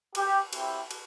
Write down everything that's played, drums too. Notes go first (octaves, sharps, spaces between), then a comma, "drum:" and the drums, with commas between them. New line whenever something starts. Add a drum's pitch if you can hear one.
G4, drum: cymbal
C4 E4 G4, drum: cymbal
drum: cymbal